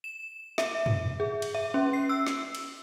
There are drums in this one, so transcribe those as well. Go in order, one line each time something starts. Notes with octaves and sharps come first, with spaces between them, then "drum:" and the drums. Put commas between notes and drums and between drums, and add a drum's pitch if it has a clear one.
E7
E5, drum: snare
drum: tom
G#4
drum: cymbal
E5
C#4
C7
E6
drum: snare
drum: cymbal